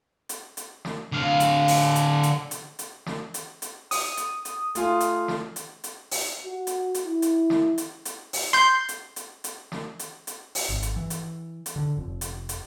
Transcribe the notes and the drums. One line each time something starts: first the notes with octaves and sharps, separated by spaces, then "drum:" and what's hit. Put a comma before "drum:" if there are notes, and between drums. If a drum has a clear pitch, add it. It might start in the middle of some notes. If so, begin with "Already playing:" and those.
drum: hi-hat
drum: hi-hat
drum: snare
D3 F5
drum: hi-hat
drum: open hi-hat
drum: hi-hat
drum: hi-hat
drum: hi-hat
drum: hi-hat
drum: snare
drum: hi-hat
drum: hi-hat
D#6, drum: open hi-hat
drum: hi-hat
drum: hi-hat
A3 F4 G#5, drum: hi-hat
drum: hi-hat
drum: snare
drum: hi-hat
drum: hi-hat
drum: open hi-hat
F#4
drum: hi-hat
drum: hi-hat
E4
drum: hi-hat
drum: snare
drum: hi-hat
drum: hi-hat
drum: open hi-hat
C6 G6
drum: hi-hat
drum: hi-hat
drum: hi-hat
drum: snare
drum: hi-hat
drum: hi-hat
drum: open hi-hat
G#1
drum: hi-hat
E3
drum: hi-hat
drum: hi-hat
D3
F1
drum: hi-hat
drum: hi-hat